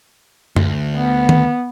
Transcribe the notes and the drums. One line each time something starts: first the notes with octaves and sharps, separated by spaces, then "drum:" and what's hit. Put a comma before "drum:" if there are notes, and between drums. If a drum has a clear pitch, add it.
D2, drum: tom F#2
B3
drum: tom D#3